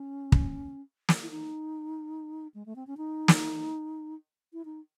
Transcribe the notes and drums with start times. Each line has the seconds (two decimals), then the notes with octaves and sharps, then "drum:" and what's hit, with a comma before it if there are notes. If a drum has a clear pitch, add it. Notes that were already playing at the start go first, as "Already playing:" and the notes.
Already playing: C#4
0.32 drum: kick
1.09 drum: snare
1.22 E4
1.30 D#4
2.54 G#3
2.66 A3
2.76 C4
2.87 C#4
2.97 D#4
3.28 drum: snare
4.53 E4
4.65 D#4